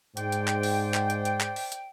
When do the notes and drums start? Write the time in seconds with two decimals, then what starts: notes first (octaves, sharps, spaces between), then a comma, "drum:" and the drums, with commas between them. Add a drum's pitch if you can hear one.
0.17 G#2 C5 D5 G5, drum: hi-hat
0.32 drum: hi-hat
0.48 drum: clap
0.63 drum: open hi-hat
0.94 drum: clap
1.10 drum: hi-hat
1.25 drum: hi-hat
1.41 drum: clap
1.56 drum: open hi-hat
1.72 drum: hi-hat